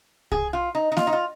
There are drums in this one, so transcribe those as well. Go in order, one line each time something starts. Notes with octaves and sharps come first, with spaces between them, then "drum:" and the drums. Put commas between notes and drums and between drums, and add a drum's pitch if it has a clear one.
G#4, drum: kick C2
F4
D#4
D#4
F4, drum: snare A#3
D#4
F4